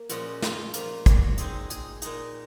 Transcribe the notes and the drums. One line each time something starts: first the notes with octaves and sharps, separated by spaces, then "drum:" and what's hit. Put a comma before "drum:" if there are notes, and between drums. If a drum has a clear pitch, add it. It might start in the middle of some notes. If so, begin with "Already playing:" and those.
Already playing: A#3
A#2 F3 G#3 C#4 F#4, drum: hi-hat
F4, drum: snare
A#2 F3 A#3 F4, drum: hi-hat
F#4, drum: kick, hi-hat
F#4
A#2 G#3 C4 D#4 G#4, drum: hi-hat
G#4, drum: hi-hat
A#2 G#3 D#4, drum: hi-hat